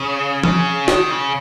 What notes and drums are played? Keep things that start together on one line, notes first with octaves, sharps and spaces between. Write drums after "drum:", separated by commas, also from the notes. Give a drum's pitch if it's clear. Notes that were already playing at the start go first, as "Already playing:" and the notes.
Already playing: C#3
C#3, drum: tom F3
D#3, drum: snare
C#3